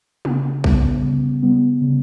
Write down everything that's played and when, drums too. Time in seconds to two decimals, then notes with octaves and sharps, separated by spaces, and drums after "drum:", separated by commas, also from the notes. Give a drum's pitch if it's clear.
0.25 C#3, drum: tom
0.64 G3 B3, drum: kick A#1
1.03 C#3
1.43 G3 B3
1.81 C#3